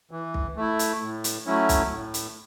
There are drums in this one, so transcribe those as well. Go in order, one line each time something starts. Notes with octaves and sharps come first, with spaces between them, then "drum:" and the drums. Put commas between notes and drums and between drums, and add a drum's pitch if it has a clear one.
E3
drum: kick
A3 E4
drum: hi-hat
A2
drum: hi-hat
F#3 A3 C#4 E4
drum: kick, hi-hat
A2
drum: hi-hat